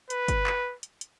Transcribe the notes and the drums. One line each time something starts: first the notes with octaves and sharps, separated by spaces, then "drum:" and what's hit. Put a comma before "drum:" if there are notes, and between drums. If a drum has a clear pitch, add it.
B4, drum: hi-hat
drum: kick G1, hi-hat
drum: clap
drum: hi-hat
drum: hi-hat